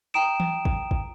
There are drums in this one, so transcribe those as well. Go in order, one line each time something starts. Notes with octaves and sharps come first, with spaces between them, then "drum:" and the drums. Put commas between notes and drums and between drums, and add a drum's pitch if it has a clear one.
G5 A#5 D#6 D7 E7
drum: tom E3
drum: kick
drum: kick